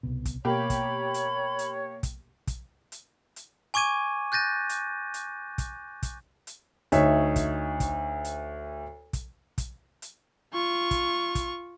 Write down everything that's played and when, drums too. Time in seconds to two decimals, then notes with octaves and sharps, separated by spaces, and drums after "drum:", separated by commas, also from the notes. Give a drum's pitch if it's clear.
0.03 C2 B2
0.26 drum: kick, hi-hat
0.45 B2 A#3 G4 C#5 B5
0.70 drum: kick, hi-hat
1.14 drum: hi-hat
1.59 drum: hi-hat
2.03 drum: kick, hi-hat
2.47 drum: kick, hi-hat
2.92 drum: hi-hat
3.36 drum: hi-hat
3.74 G#5 C#6 D6 G#6 D#7
4.32 F#6 G6 A6 A#6 D#7
4.69 drum: hi-hat
5.14 drum: hi-hat
5.58 drum: kick, hi-hat
6.03 drum: kick, hi-hat
6.47 drum: hi-hat
6.92 D2 D#4 C#5 E5, drum: hi-hat
7.36 drum: kick, hi-hat
7.80 drum: kick, hi-hat
8.25 drum: hi-hat
9.13 drum: kick, hi-hat
9.58 drum: kick, hi-hat
10.02 drum: hi-hat
10.53 F4 C#6
10.91 drum: kick, hi-hat
11.35 drum: kick, hi-hat